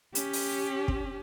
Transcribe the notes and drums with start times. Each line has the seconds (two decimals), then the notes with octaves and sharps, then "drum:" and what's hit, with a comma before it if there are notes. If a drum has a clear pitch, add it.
0.15 C#4 G4, drum: hi-hat
0.33 drum: open hi-hat
0.88 drum: kick